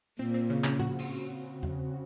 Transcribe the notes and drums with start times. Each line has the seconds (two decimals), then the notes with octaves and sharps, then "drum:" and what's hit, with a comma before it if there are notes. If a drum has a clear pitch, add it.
0.19 A#2 C4
0.34 C4
0.50 C#3
0.64 C#3, drum: clap
0.79 F#4, drum: tom A2
0.99 drum: cymbal
1.63 drum: tom E2